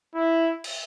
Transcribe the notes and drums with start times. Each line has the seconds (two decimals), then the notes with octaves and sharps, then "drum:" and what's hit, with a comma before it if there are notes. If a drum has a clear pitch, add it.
0.15 E4
0.64 drum: cymbal